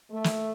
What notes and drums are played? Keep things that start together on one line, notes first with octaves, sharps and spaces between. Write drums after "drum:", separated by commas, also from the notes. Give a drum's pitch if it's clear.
A3
drum: snare